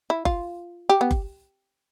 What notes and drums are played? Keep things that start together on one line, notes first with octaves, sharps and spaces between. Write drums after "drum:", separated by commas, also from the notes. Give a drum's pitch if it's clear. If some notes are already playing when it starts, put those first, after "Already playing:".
E4
F4, drum: kick F#1
G4
B3
drum: kick F#1